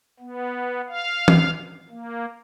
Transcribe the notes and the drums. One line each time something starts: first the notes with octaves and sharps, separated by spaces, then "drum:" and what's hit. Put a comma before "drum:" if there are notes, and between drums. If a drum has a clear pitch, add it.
B3
F5
drum: tom E3
A#3